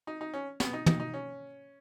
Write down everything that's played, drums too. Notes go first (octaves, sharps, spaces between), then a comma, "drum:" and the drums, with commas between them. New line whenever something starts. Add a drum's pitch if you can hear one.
D#4
D#4
C#4
B3, drum: snare
D#4
D#4, drum: tom
D#4
C#4